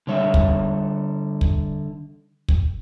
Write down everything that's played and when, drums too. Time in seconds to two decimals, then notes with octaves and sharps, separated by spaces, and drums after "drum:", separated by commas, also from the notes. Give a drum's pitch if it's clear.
0.07 D3 G3 C#5 E5
0.34 drum: kick
1.41 drum: kick
2.48 drum: kick